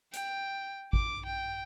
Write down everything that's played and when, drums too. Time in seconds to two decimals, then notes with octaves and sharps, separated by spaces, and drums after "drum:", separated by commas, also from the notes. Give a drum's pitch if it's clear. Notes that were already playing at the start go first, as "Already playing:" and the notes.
0.13 G5, drum: hi-hat
0.93 D6, drum: kick G#1
1.26 G5